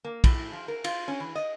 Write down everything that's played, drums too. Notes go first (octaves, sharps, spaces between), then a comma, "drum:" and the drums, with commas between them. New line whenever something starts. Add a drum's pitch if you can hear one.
A#3
A2, drum: kick, cymbal
F3
A#4
F4, drum: cymbal
C#4
E3
D#5